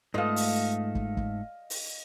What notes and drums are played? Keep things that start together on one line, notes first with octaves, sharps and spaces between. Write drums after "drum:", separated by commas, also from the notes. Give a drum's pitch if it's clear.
G#2 A3 B3 F4 A4 D#5 F5
drum: open hi-hat
drum: kick
drum: kick
drum: open hi-hat